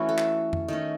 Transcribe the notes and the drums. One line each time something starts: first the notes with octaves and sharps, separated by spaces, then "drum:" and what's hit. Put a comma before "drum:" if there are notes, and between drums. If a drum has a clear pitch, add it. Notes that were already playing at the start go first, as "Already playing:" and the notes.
Already playing: E3 A3 C#4 E4 F#4
A4
drum: clap
drum: tom F2
D#3 A3 C#4 D#5